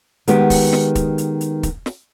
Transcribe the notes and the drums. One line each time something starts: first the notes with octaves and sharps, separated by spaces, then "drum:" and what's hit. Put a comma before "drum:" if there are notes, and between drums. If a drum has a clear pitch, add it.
D#3 G#3 B3 G4, drum: hi-hat
drum: kick, open hi-hat
drum: snare
drum: kick, hi-hat
drum: hi-hat
drum: hi-hat
drum: kick, hi-hat
drum: snare